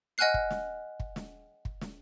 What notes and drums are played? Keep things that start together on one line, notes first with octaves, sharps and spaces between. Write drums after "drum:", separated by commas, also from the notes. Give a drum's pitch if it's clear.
D#5 F#5 G#5 F6 F#6 C7
drum: kick
drum: snare
drum: kick
drum: snare
drum: kick
drum: snare